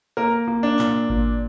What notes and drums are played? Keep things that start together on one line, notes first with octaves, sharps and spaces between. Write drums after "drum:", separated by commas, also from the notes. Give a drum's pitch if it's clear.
A#3 A#4
A#3
D4
A#2, drum: clap
A#2, drum: kick G#1